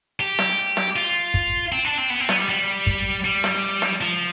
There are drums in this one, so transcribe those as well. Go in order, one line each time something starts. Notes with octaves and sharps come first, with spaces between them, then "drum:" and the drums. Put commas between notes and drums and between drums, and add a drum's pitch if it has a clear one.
G4
drum: snare
drum: snare
F4
drum: kick
C4
D4
C4
B3
C4
B3, drum: snare
G3
G3
drum: kick
G3
drum: snare
drum: snare
F3